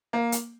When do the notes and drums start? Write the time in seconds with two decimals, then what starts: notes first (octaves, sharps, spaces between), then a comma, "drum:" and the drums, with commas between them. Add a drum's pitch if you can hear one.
0.13 A#3
0.32 drum: hi-hat